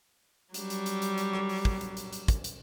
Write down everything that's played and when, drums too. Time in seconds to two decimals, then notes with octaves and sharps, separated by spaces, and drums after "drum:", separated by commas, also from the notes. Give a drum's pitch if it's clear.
0.54 F#3 G3, drum: hi-hat
0.70 drum: hi-hat
0.86 drum: hi-hat
1.02 drum: hi-hat
1.18 drum: hi-hat
1.33 drum: rim click
1.49 drum: open hi-hat
1.65 drum: kick
1.81 drum: hi-hat
1.97 drum: hi-hat
2.13 drum: hi-hat
2.28 drum: kick, hi-hat
2.44 drum: hi-hat